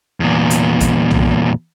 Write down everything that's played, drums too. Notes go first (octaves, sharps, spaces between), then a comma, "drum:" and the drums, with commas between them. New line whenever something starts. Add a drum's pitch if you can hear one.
E2 A#2
drum: hi-hat
drum: kick A1, hi-hat
drum: tom B1